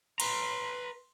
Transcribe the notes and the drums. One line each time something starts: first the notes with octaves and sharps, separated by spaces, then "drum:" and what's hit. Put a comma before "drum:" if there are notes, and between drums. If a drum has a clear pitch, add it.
B4 A#5 C6, drum: cymbal